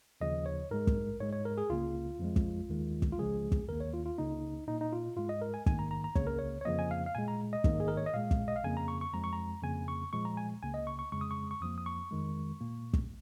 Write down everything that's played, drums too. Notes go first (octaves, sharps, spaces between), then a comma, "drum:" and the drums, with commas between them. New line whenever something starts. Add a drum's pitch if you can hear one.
D#2 C#3 F3 D#5
C#5
G#2 G#3 A#4
drum: kick
G#2 G#3 C#5
C#5
A#4
G#4
C#2 C#3 A#3 F4
F2 F3 G#3
drum: kick
D#2 D#3 G#3
drum: kick
F4
C#2 C#3 F3 G#3 G#4
drum: kick
D#2 D#3 A#3 A#4
C#5
F4
F4
C#2 C#3 A#3 D#4
A#2 A#3 D#4
D#4
F4
G#2 G#3 F4
D#5
A#4
G#5
G#2 D#3 A#3 G#5, drum: kick
A#5
A#5
A#5
C#2 C#3 A#3 C#5, drum: kick
A#4
C#5
C#5
F2 C#3 F3 A#3 D#5
G#5
F5
F5
A#2 G#3 G#5
A#5
D#5
G#2 D#3 A#3, drum: kick
G#4
A#4
C#5
D#5
A#2 G#3 F5
drum: kick
D#5
F5
F2 C#3 A#3 G#5
A#5
C#6
C#6
F2 F3 G#3 A#5
C#6
A#5
F2 C#3 A#3 G#5
C#6
A#2 F3 G#3 C#6
A#5
G#5
C#2 C#3 A#3 G#5
D#5
C#6
C#6
F2 C#3 G#3 C#6
D#6
C#6
C#6
F2 F3 A#3 D#6
D#6
C#6
F2 D#3 G#3
A#2 A#3
drum: kick